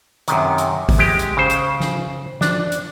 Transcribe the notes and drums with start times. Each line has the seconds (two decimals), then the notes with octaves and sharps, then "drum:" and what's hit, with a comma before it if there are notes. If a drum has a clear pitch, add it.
0.28 F#2 C3 D#3, drum: hi-hat
0.58 drum: hi-hat
0.89 drum: kick G#1, open hi-hat
0.98 G#3 G4 G5
1.19 drum: hi-hat
1.37 C#3 C5
1.50 drum: hi-hat
1.80 drum: snare
2.41 D4, drum: snare
2.72 drum: hi-hat